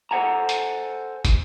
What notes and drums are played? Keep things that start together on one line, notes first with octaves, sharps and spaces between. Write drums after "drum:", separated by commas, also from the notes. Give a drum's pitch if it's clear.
A4 C5 D5 F#5 G#5 A#5
drum: hi-hat
drum: kick, hi-hat